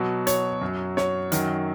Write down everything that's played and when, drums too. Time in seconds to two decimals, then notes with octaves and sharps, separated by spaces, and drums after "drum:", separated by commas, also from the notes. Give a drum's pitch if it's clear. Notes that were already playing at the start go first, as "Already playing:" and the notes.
Already playing: B2 F#3
0.27 C#5, drum: hi-hat
0.61 F#2 F#3
0.97 C#5, drum: snare
1.32 F#2 D#3 F#3, drum: hi-hat